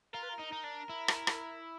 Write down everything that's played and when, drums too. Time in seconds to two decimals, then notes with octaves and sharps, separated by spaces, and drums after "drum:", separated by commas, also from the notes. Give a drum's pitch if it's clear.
0.13 F4 A#4
0.23 B4
0.29 A#4
0.39 D#4
0.53 D#4
0.64 D4
0.89 E4
1.08 drum: rim click
1.27 drum: rim click